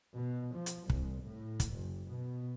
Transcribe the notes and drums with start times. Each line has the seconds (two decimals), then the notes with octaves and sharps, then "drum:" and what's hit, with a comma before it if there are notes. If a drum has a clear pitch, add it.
0.16 B2
0.57 F3
0.66 drum: hi-hat
0.90 C2, drum: kick
1.23 A2
1.60 drum: kick, hi-hat
1.73 F#1
2.10 B2